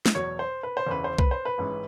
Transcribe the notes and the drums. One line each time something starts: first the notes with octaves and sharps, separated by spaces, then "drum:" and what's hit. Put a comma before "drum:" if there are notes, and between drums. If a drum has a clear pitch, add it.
drum: snare
E2 B2 F#3 C#5
C5
B4
C5
E1 E2 C#3 E3 B4
C5
B4, drum: kick C2
C5
B4
A1 G#2 E3